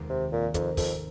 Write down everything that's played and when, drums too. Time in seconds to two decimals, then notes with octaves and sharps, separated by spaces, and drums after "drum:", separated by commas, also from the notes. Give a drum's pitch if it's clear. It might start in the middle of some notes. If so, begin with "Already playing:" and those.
Already playing: F1 D#2 D#3 G#3
0.09 C3
0.32 A#2
0.54 F2 G#2 G#3 C4 D#4 A#4, drum: kick, hi-hat
0.77 F2, drum: kick, open hi-hat